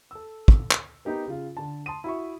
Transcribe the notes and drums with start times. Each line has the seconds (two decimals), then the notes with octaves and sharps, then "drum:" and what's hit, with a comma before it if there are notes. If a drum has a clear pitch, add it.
0.11 A4 E6
0.48 drum: kick
0.71 drum: clap
1.05 B3 D#4 G4 A#4
1.27 C#3 F4
1.57 D3 A5
1.86 A5 C6 D#6 D#7
2.04 E4 F#4 E5 C#6